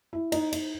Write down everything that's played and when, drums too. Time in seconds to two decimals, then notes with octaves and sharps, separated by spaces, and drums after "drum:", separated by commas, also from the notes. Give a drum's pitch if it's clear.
0.13 E4
0.32 D#4, drum: cymbal
0.52 D#4, drum: cymbal